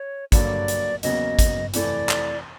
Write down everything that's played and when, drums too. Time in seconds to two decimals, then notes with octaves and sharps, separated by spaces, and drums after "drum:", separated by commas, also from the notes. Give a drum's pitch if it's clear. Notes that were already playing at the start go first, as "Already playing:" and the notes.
Already playing: C#5
0.32 G2 D3 F#3 A#3 D5, drum: kick G#1, hi-hat
0.68 drum: hi-hat
1.03 E2 C#3 F#3 A#3 D#5, drum: hi-hat
1.39 drum: kick G#1, hi-hat
1.73 F2 C3 E3 A3 D5, drum: hi-hat
2.09 drum: clap